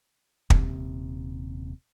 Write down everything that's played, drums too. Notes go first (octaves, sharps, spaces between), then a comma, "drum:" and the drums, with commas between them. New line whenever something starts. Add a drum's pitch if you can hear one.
D#1 C3, drum: kick